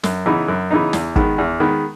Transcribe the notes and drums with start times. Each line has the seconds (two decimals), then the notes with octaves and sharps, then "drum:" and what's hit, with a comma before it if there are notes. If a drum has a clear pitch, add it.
0.03 F#2, drum: snare
0.26 C#3 E3 B3 D#4
0.48 F#2
0.71 C#3 E3 B3 D#4
0.93 E2, drum: snare
1.16 D#3 G#3 B3, drum: kick
1.38 E2
1.60 D#3 G#3 B3